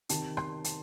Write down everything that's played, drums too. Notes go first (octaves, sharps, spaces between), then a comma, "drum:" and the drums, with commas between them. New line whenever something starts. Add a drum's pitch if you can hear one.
C3 D#3 A5, drum: hi-hat
C6, drum: rim click
A5, drum: hi-hat